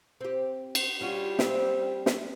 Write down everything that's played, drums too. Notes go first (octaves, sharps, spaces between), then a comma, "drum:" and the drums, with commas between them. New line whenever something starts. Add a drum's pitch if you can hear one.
C4 G4
drum: cymbal
G3 C#4 F4 F#4
C4, drum: snare
drum: snare